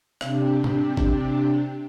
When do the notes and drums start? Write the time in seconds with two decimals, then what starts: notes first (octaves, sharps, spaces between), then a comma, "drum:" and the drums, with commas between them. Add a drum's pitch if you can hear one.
0.21 C3 D4 G4, drum: rim click
0.64 drum: tom A2
0.97 drum: kick